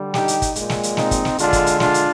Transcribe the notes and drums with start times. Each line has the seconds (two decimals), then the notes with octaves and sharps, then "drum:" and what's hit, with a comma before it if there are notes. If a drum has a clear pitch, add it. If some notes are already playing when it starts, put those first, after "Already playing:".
Already playing: D3 G3
0.14 D#4 G4, drum: snare
0.28 drum: hi-hat
0.42 drum: kick, hi-hat
0.56 A#2 G#3, drum: hi-hat
0.70 drum: snare
0.83 drum: hi-hat
0.97 C4 D#4, drum: snare
1.11 drum: kick, hi-hat
1.25 drum: snare
1.38 D3 G#3 D4 F4, drum: hi-hat
1.53 drum: kick, hi-hat
1.66 drum: hi-hat
1.80 D4 F4, drum: snare
1.94 drum: hi-hat